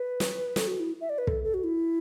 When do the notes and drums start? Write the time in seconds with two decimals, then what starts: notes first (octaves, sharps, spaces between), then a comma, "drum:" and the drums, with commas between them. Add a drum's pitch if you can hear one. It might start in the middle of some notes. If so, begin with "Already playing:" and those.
Already playing: B4
0.20 drum: snare
0.56 A4, drum: snare
0.68 F#4
0.80 E4
1.01 E5
1.10 D5
1.18 B4
1.27 A4, drum: kick
1.44 A4
1.54 F#4
1.64 E4